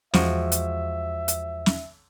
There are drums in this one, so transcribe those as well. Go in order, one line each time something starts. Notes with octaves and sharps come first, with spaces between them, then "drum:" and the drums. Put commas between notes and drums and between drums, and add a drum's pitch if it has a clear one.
E2 F3 G#3 F#4 E5, drum: snare
drum: hi-hat
drum: hi-hat
drum: snare